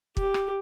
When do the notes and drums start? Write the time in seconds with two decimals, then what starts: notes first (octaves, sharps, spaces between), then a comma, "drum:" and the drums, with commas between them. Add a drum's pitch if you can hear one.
0.17 G4, drum: kick
0.34 drum: rim click